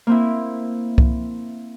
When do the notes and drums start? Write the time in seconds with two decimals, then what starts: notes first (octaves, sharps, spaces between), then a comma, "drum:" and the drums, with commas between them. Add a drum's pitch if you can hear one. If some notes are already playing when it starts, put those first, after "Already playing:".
0.07 A#3 C4 E4
0.98 drum: kick C2